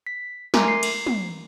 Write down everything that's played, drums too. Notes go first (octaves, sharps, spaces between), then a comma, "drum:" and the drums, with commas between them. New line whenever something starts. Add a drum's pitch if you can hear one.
B6
A3 A#4 G#5 A#5 C6 D6, drum: snare
C7
drum: cymbal
drum: tom